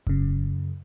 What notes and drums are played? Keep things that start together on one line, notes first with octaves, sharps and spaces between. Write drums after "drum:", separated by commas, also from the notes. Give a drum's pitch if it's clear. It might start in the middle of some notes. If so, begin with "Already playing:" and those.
F#2 C#3, drum: kick E1